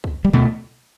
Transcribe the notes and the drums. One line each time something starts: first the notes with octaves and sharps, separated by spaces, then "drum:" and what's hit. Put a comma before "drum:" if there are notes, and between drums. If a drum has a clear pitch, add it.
drum: kick
G3
B2 A3, drum: kick